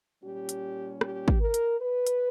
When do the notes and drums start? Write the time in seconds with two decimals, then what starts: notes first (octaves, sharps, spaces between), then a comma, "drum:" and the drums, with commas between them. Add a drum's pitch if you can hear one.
0.22 A#2 G3 C#4 G4
0.49 drum: hi-hat
1.01 G4, drum: rim click
1.28 drum: kick
1.41 A#4
1.54 drum: hi-hat
1.80 B4
2.07 drum: hi-hat